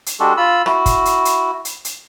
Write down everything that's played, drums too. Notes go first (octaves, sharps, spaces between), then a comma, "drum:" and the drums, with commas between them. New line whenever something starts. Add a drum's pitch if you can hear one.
drum: hi-hat
G#3 D4 F#4 G4 A4
F4 B5 E6
E4 F#4, drum: rim click
drum: kick, hi-hat
drum: hi-hat
drum: hi-hat
drum: hi-hat
drum: hi-hat